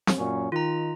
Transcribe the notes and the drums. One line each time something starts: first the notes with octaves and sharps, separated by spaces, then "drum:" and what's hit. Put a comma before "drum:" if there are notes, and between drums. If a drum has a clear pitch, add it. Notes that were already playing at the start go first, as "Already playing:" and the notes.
drum: snare
F#2 A#2 C#4
D#3 F4 A#5